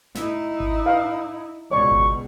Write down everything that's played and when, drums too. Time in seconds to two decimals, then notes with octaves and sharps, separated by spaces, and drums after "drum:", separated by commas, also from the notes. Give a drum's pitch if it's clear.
0.15 A3 D#4 E4, drum: snare
0.60 drum: kick G#1
0.86 B4 F5
1.71 C#2 B2 C#5 D5 C#6
1.91 drum: kick G#1